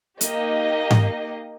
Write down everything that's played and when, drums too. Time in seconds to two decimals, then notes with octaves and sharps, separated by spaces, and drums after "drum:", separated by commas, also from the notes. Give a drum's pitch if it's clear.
0.21 A#3 D#4 G4 D#5, drum: hi-hat
0.91 drum: tom G#2